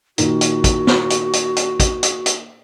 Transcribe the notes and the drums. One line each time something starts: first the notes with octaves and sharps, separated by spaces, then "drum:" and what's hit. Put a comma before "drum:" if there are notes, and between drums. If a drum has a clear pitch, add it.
A#2 D#3 D#4 F#4, drum: hi-hat
drum: hi-hat
drum: kick, hi-hat
drum: snare
drum: hi-hat
drum: hi-hat
drum: hi-hat
drum: kick, hi-hat
drum: hi-hat
drum: hi-hat